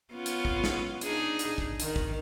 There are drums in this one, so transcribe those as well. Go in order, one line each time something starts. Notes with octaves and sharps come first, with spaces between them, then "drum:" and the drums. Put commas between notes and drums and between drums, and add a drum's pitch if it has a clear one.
B3 C#4 F4
drum: hi-hat
drum: kick
drum: snare
D4 D#4 G#4, drum: hi-hat
drum: hi-hat
drum: kick
D#3, drum: hi-hat
drum: kick